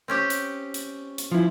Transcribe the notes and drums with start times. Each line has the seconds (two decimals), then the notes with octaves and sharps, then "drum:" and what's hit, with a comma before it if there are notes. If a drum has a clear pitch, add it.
0.08 C4 C#4 G4
0.30 drum: hi-hat
0.74 drum: hi-hat
1.18 drum: hi-hat
1.31 F3 E4